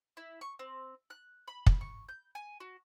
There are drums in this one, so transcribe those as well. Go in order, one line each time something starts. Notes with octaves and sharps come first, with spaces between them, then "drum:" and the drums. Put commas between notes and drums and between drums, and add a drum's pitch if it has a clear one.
E4
C#6
C4
F#6
B5
drum: kick
C#6
G6
G#5
F#4